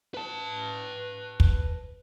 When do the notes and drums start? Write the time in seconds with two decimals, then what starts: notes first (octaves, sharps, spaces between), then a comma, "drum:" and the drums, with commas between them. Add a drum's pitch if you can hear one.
0.14 B4 A5
1.40 drum: kick